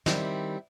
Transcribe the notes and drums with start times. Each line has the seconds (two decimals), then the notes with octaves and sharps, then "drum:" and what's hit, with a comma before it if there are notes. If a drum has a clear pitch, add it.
0.06 D#3 G3 C4 E4, drum: snare